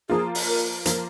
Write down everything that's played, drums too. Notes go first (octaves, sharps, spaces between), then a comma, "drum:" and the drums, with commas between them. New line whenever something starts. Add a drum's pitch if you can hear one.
F3 A#3 F4 G#4
drum: open hi-hat
A#4
F3 A#3 F4 A#4, drum: hi-hat